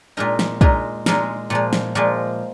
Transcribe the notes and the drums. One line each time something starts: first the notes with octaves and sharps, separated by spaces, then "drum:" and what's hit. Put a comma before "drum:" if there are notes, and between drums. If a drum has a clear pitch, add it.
A#2 G#3 D#4 A#4
drum: snare
A#2 G#3 D#4 A#4, drum: kick
A#2 G#3 D#4 A#4, drum: snare
A#2 F3 G#3
drum: snare
A#2 F3 G#3